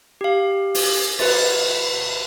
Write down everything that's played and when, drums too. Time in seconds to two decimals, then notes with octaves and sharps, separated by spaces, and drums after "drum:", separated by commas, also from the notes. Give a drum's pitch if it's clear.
0.21 G4 F5
0.75 drum: open hi-hat
1.19 B4 A6, drum: cymbal